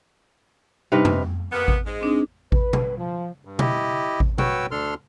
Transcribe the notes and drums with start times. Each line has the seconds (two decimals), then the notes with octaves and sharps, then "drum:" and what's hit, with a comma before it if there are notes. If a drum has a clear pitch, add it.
0.92 G2 C3 D#4 B4 F5
1.05 drum: tom F2
1.52 C3 A#3 B3 F6
1.68 drum: kick A1
1.86 G#2 G#3
2.01 C4 D4 D#4
2.52 B4, drum: kick A1
2.73 drum: tom B2
2.97 F3
3.45 G2
3.59 E4 G4 D#5, drum: tom B2
4.20 drum: kick A1
4.38 F#4 B4 C#5 G5 E6, drum: tom B2
4.71 D2 D4 A4 C6 F6